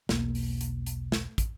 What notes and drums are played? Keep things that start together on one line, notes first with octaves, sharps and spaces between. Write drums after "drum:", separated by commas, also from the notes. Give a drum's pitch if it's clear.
E1 B1 A#3, drum: snare
drum: open hi-hat
drum: hi-hat
drum: hi-hat
drum: snare
drum: kick, hi-hat